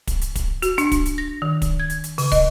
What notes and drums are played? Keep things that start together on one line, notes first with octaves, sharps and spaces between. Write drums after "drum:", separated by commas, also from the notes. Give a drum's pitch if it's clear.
drum: kick, hi-hat
drum: hi-hat
drum: kick, hi-hat
F#4, drum: hi-hat
D4, drum: hi-hat
drum: kick, hi-hat
drum: hi-hat
A#6
D#3
drum: kick, hi-hat
G#6
drum: hi-hat
drum: hi-hat
C#3, drum: open hi-hat
D#5, drum: kick, hi-hat